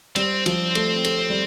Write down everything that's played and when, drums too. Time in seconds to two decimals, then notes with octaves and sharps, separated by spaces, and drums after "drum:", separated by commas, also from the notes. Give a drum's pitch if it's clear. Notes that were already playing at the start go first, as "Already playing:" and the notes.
0.16 G3 C4, drum: cymbal
0.46 F3, drum: cymbal
0.75 A3, drum: cymbal
1.04 A3, drum: cymbal
1.30 G3